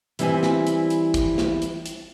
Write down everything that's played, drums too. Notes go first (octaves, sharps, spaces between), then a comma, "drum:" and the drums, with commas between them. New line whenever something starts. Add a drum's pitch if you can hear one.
E3 G3 C4 E4 C5 G#5, drum: hi-hat
drum: snare
drum: hi-hat
drum: hi-hat
drum: kick, hi-hat
drum: snare
drum: hi-hat
drum: hi-hat